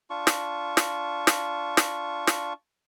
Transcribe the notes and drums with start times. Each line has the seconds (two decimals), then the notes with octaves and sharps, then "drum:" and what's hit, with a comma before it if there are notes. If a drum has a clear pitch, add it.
0.10 D4 F4 C#6
0.27 drum: snare
0.77 drum: snare
1.27 drum: snare
1.77 drum: snare
2.27 drum: snare